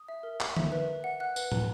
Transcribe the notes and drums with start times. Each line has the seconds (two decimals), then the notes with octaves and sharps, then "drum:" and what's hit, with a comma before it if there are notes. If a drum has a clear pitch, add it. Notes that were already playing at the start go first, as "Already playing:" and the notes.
Already playing: D#6
0.08 E5
0.23 A#4
0.40 A#4, drum: clap
0.56 E5, drum: tom D3
0.72 B4
0.88 B4
1.04 F#5
1.20 F#5 F#6
1.36 B4, drum: tambourine
1.52 B4, drum: tom